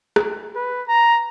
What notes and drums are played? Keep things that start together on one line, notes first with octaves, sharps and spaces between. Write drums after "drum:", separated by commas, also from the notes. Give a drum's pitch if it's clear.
drum: rim click
B4
A#5